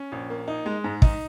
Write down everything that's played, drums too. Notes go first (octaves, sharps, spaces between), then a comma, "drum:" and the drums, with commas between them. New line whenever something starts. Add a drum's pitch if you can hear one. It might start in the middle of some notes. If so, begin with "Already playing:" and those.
Already playing: C#4
A#1
A#3
D#4
G#3
G#2
D#4, drum: kick